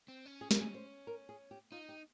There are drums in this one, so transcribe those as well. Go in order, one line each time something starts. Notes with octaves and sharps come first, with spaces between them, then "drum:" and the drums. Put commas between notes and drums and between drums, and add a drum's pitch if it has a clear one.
C4
C#4
G#4
A#4, drum: snare
G#4
C5
A#4
G#4
G4
D#4 F4
G4